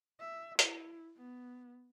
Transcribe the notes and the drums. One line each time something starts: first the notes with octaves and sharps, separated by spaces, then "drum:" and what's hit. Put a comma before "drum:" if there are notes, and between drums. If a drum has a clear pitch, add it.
E5
E4, drum: hi-hat
B3